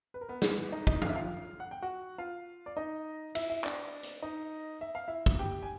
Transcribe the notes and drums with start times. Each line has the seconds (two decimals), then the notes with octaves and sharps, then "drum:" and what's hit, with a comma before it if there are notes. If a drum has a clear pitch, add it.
0.14 B4
0.21 A#4
0.29 B3 B4
0.42 drum: snare
0.72 D#4 D#5
0.87 D#4 D#5, drum: kick
1.02 F5, drum: tom F3
1.09 E5
1.16 F4 F5
1.60 F#5
1.71 G5
1.82 F#4 F#5
2.18 F4 F5
2.66 D5
2.77 D#4 D#5
3.35 E4 E5, drum: cymbal
3.50 E4 E5
3.64 D4 D5, drum: clap
4.03 drum: hi-hat
4.23 D#4 D#5
4.81 E5
4.95 F5
5.08 E4 E5
5.26 drum: kick
5.39 G4 G5
5.63 G#5